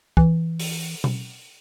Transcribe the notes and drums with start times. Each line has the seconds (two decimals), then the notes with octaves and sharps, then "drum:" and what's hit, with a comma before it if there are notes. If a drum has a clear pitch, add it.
0.17 E3, drum: kick
0.60 drum: open hi-hat
1.04 drum: tom B2